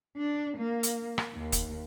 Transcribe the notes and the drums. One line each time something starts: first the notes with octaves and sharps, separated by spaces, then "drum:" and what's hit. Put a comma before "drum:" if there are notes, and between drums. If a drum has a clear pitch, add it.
D4
A#3
drum: hi-hat
drum: rim click
D#2
drum: kick, hi-hat